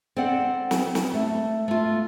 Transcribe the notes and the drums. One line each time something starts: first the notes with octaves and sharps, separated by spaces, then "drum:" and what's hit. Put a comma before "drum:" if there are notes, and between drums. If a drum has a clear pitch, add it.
C4 A4 D5 F#5
drum: snare
drum: snare
A3
A3 F4